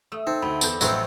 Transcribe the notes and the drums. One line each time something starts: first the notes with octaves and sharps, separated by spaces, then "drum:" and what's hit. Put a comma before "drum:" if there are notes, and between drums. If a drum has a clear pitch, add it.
A3 D#6 E6
C4 D#4
D2 A3 B5
E2 A4 D5 G6, drum: tambourine
A1 A2 F3 F#3 A3 C4 D#4, drum: tambourine